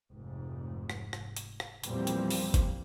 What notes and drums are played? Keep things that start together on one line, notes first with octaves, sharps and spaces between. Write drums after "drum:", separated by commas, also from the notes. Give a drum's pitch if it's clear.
F1 G#2
drum: rim click
drum: rim click
drum: hi-hat
drum: rim click
E2 A#2 F3 G3 A#3 C4, drum: hi-hat
drum: hi-hat
drum: open hi-hat
drum: kick G1, hi-hat